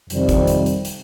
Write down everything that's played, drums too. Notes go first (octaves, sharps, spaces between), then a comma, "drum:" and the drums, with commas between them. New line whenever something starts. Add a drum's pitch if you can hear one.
F2 C3 D#3 G3 C4, drum: hi-hat
drum: kick, hi-hat
drum: hi-hat
drum: hi-hat
drum: hi-hat